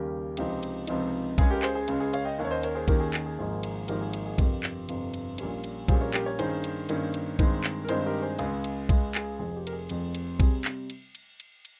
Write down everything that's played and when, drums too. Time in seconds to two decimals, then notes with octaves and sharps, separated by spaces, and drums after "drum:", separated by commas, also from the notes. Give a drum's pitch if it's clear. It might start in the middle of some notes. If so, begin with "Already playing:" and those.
Already playing: D#2 C#3 G3 A#3 G4 A#4
0.37 C#2 C3 F3 C4 D#4 G4, drum: cymbal
0.63 drum: cymbal
0.87 C#2 C3 F3 C4 D#4, drum: cymbal
1.38 C#2 C#3 G#3 C#4 G#4, drum: kick B1, cymbal
1.50 G4 A#4
1.63 G#4 C5, drum: clap
1.75 G#4
1.88 C#2 C#3 G#3 C#4, drum: cymbal
2.00 G#4
2.13 C#5 F5, drum: cymbal
2.25 D#5 G5
2.38 D#2 D#3 A#3 C#4
2.45 C#5
2.51 C5 D#5
2.63 A#4 C#5, drum: cymbal
2.75 G#4 C5
2.88 D#2 D#3 A#3 C#4 G4 A#4, drum: kick B1, cymbal
3.00 G#4
3.14 G#4, drum: clap
3.26 G#4
3.39 G#1 G#2 F3 A#3 D#4 G#4
3.63 drum: cymbal
3.88 G#1 G#2 F3 A#3 D#4 G4 A#4, drum: cymbal
4.01 G#4
4.13 drum: cymbal
4.26 G#4
4.38 G1 F2 C3 G4 A#4, drum: kick B1, cymbal
4.64 drum: clap
4.89 G1 F2 C3, drum: cymbal
5.14 drum: cymbal
5.38 A#1 A#2 G3 A#3 C#4, drum: cymbal
5.64 drum: cymbal
5.88 A#1 A#2 G3 A#3 C#4 G#4 C5, drum: kick B1, cymbal
6.01 A#4 C#5
6.14 G4 A#4, drum: clap
6.26 A#4 C#5
6.39 G2 D#3 A#3 C#4 G#4 C5, drum: cymbal
6.64 drum: cymbal
6.89 G2 D#3 A#3 C#4, drum: cymbal
7.14 drum: cymbal
7.39 G2 D#3 G#3 C4 D#4, drum: kick B1, cymbal
7.64 drum: clap
7.84 A#4
7.89 G2 D#3 G#3 C4 D#4 G#4 C5, drum: cymbal
8.06 G4 A#4
8.22 G#4 C5
8.39 C#2 C#3 G#3 G#4, drum: cymbal
8.64 drum: cymbal
8.89 C#2 C#3 G#3 G#4, drum: kick B1, cymbal
9.15 G#4, drum: clap
9.39 F1 F2 C3 F3 G#4
9.56 G4
9.67 A#4, drum: cymbal
9.73 G#4
9.89 F1 F2 C3 F3, drum: cymbal
10.15 drum: cymbal
10.40 C3 G3 C4 G#4, drum: kick B1, cymbal
10.65 drum: clap
10.90 drum: cymbal
11.15 drum: cymbal
11.40 drum: cymbal
11.65 drum: cymbal